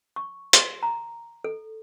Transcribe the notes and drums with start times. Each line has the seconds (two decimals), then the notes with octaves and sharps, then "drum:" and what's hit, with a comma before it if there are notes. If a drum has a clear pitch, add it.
0.16 C#6
0.53 C6, drum: hi-hat
0.83 A#5
1.44 A4